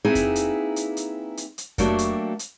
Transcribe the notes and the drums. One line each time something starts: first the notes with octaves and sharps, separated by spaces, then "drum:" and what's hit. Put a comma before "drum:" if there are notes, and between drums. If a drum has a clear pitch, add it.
A#3 C4 D#4 E4 G#4 B4
drum: kick F2, hi-hat
drum: hi-hat
drum: hi-hat
drum: hi-hat
drum: hi-hat
drum: hi-hat
F#3 A3 A#3 D4 F#4 G4, drum: kick F2, hi-hat
drum: hi-hat
drum: hi-hat